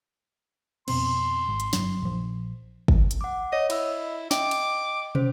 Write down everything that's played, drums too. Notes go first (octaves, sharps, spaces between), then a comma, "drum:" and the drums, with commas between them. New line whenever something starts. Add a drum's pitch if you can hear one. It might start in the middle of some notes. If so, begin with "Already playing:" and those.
F2 B2 C4 C6, drum: cymbal
G#1
drum: hi-hat
F#1 G2 F#3, drum: snare
A#1 F3
drum: kick
drum: hi-hat
F#5 D6
C#5 D#5
E4 D#5 B5 E6, drum: cymbal
D#5 G5 D6, drum: snare
drum: cymbal
C#4 C5, drum: tom